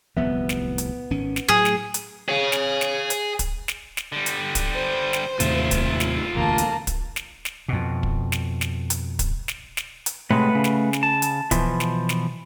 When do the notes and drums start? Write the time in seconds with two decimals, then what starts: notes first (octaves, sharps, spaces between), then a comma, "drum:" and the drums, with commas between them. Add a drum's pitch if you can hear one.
0.17 D1 C2 F3 B3 E5
0.49 drum: snare
0.78 drum: hi-hat
1.10 G#1 D#3 C#4
1.36 drum: snare
1.49 A2 F#3 A3 G#4
1.65 drum: snare
1.94 drum: hi-hat
2.28 G#4 C#5 F5
2.52 drum: snare
2.81 drum: snare
3.10 drum: hi-hat
3.39 drum: kick, hi-hat
3.68 drum: snare
3.97 drum: snare
4.12 D3 G3
4.26 drum: hi-hat
4.55 drum: kick, hi-hat
4.75 C5
5.13 drum: snare
5.40 D#2 A2 C3 F4 E5, drum: hi-hat
5.71 drum: kick, hi-hat
6.00 drum: snare
6.35 E1 A1 D2 A#3 A5
6.58 drum: hi-hat
6.87 drum: kick, hi-hat
7.16 drum: snare
7.45 drum: snare
7.69 F2 B2
8.03 drum: kick
8.32 drum: snare
8.61 drum: snare
8.90 drum: hi-hat
9.19 drum: kick, hi-hat
9.48 drum: snare
9.77 drum: snare
10.06 drum: hi-hat
10.31 A2 C3 G#3 A3 B4 F#5
10.55 C#3
10.64 drum: snare
10.93 drum: snare
11.03 A5
11.22 drum: hi-hat
11.51 B2 E3 F3, drum: kick, hi-hat
11.80 drum: snare
12.09 drum: snare